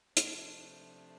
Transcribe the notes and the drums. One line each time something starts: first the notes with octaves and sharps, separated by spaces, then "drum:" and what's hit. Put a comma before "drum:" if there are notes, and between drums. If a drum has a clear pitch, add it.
C3 F3 A3 D4, drum: hi-hat